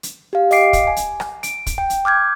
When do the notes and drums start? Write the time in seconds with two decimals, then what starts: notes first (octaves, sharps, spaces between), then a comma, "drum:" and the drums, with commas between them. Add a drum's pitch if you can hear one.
0.03 drum: hi-hat
0.33 G4 F5
0.51 D#5 F5 G5 D6 C7 D7, drum: open hi-hat
0.73 drum: kick, hi-hat
0.87 G#5
0.96 drum: hi-hat
1.20 drum: rim click
1.43 D7, drum: hi-hat
1.66 drum: kick, hi-hat
1.78 G5
1.90 drum: hi-hat
2.05 D6 F6 G6 G#6